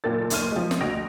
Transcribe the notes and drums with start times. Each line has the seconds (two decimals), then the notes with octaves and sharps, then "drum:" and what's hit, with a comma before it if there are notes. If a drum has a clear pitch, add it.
0.04 F#1 A#2 A#3 A4 A6
0.30 F#1 D#2 E5 C6 F6 D#7, drum: hi-hat
0.52 F3 G#3
0.71 drum: snare
0.81 D2 F#4 D#5 A#6 D7 F7